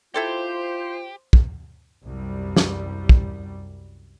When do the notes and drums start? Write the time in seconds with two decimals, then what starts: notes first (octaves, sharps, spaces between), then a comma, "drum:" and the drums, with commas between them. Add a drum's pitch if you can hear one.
0.14 E4 F4 G4 A4 C5 G5
1.33 drum: kick
2.04 C2 F#2 G3
2.57 drum: snare
3.09 drum: kick